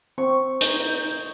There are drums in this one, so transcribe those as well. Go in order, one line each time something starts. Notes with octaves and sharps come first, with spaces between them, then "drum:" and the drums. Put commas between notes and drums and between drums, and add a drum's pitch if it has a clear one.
C4 C#6
D#4 G6, drum: hi-hat